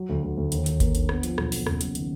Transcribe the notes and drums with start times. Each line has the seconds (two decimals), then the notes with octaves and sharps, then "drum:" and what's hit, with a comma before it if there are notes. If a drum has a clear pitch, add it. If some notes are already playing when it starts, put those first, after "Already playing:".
Already playing: F#3
0.09 D2
0.23 D2
0.37 D2
0.52 D#2, drum: hi-hat
0.66 D#2, drum: hi-hat
0.80 A#3, drum: kick G#1, hi-hat
0.95 D3, drum: hi-hat
1.09 B3, drum: rim click
1.23 F3, drum: hi-hat
1.38 B1, drum: rim click
1.52 B3, drum: open hi-hat
1.67 F#1, drum: rim click
1.81 F#2, drum: hi-hat
1.95 D#3, drum: hi-hat